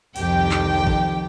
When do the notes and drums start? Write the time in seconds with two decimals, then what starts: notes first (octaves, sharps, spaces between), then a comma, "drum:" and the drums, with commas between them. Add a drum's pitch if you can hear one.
0.16 C2 F2 D#3 G4 G5, drum: open hi-hat
0.51 drum: clap
0.87 drum: kick G#1